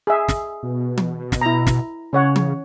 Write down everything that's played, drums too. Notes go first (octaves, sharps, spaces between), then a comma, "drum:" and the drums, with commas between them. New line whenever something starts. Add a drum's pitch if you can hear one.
G#4 E5
drum: snare
B2
drum: tom
drum: snare
E4 A#5
drum: snare
C#3 C#4 C#5 F#5
drum: tom